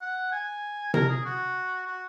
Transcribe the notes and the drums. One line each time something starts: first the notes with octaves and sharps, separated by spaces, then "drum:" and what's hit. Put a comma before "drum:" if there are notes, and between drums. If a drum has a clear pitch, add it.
F#5
G#5
A#4, drum: tom C3
G#4
F#4
F#4